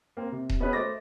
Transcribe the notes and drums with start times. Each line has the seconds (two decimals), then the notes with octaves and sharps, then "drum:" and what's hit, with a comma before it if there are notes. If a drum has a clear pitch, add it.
0.17 A#3 C4
0.32 C3
0.49 drum: kick D#1
0.60 B3 C#4 F#4 G#4 B4
0.73 A3 C5 D#5 D6 A6 A#6